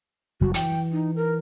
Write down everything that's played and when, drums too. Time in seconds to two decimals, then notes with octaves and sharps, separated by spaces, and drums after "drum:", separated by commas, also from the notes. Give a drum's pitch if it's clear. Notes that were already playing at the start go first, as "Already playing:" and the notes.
0.41 F#1 F#3 G3 F#4
0.54 E3 G5, drum: hi-hat
0.93 D#4
1.16 A#4